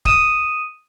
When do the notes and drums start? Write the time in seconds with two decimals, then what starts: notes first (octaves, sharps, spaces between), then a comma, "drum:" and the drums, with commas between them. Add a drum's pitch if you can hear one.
0.05 D#6 D#7 E7, drum: kick D1